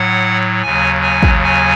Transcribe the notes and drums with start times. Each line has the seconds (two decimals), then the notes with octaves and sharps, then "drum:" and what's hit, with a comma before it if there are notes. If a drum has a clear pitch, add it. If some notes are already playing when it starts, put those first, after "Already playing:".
Already playing: A2 F#3 F#5
0.62 D#2 C#3 F#3 G#5
1.02 G#5
1.23 drum: kick
1.43 G#5